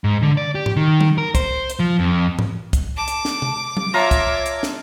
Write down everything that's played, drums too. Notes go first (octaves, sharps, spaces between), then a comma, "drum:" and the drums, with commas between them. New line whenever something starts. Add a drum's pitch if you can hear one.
G#2
D3
D5
G4
drum: tom G#2
D#3
drum: tom F#3
A#4
C5, drum: kick, hi-hat
drum: hi-hat
F3
F2
drum: tom G#2
drum: kick, hi-hat
A5 D6
drum: hi-hat
drum: snare
drum: tom C3
drum: tom F#3
F4 C#5 E5 A5 A#5 D6
drum: kick, hi-hat
drum: hi-hat
drum: snare